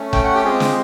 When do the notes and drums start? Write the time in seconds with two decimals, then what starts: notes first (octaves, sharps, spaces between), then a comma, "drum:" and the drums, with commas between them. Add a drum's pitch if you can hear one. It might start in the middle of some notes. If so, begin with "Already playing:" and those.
Already playing: A3 C#4
0.13 G5, drum: kick F1
0.24 F#5
0.34 G4 G5
0.44 G#3 C4 F4 G#4
0.60 drum: snare